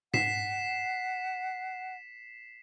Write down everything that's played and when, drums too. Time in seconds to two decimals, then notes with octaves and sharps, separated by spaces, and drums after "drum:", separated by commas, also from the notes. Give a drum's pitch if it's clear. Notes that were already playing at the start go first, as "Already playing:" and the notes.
0.14 F#5 B6 C7 E7, drum: tom G#2